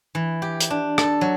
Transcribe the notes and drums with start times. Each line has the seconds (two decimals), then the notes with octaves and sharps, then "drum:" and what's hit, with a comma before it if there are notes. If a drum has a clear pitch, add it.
0.15 E3
0.42 G4
0.60 drum: hi-hat
0.70 D4
0.98 A4, drum: rim click
1.21 F#3